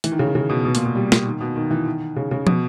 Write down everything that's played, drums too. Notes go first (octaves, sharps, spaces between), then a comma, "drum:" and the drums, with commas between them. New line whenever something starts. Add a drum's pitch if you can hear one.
E3, drum: hi-hat
D#3
C#3
D#3
C#3
B2
B2
A#2, drum: hi-hat
B2
G3
drum: snare
D#3
B2
D#3
E3
D#3
C#3
C#3
B2, drum: tom